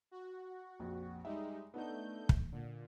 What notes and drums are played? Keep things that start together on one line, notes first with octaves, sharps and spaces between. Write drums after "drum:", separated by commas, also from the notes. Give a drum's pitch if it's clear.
F#4
A#1 F2
G3 G#3 D#4 E5
A3 B3 D4 D#4 G6
drum: kick
A#2 D3